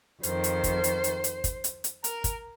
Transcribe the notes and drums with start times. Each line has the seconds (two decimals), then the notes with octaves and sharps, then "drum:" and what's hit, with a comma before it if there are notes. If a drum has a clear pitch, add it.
0.23 F2 D#3 C5, drum: hi-hat
0.44 drum: hi-hat
0.64 drum: kick, hi-hat
0.84 drum: hi-hat
1.04 drum: hi-hat
1.24 drum: hi-hat
1.44 drum: kick, hi-hat
1.64 drum: hi-hat
1.84 drum: hi-hat
2.04 A#4, drum: hi-hat
2.24 drum: kick, hi-hat